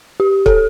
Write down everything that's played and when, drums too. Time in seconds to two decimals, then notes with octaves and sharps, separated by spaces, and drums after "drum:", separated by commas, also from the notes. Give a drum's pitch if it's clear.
0.20 G4
0.46 A4, drum: kick